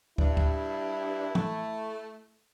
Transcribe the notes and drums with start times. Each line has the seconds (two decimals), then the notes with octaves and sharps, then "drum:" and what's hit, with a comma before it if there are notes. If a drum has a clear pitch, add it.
0.18 G2 E4, drum: kick
0.37 drum: kick
1.35 A3, drum: tom E3